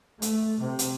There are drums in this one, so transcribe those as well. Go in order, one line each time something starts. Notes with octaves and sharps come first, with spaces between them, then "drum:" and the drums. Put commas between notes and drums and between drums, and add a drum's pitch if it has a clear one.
A3, drum: hi-hat
C3
drum: hi-hat